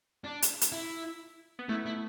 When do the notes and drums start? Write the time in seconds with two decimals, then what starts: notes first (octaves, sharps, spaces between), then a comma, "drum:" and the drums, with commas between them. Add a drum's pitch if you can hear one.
0.24 D4
0.42 drum: hi-hat
0.61 drum: hi-hat
0.72 E4
1.59 B3
1.69 A3 E4
1.86 E4